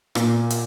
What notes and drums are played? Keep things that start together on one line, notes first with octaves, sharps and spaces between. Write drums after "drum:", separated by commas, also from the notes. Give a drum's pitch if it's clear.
A#2, drum: rim click
drum: hi-hat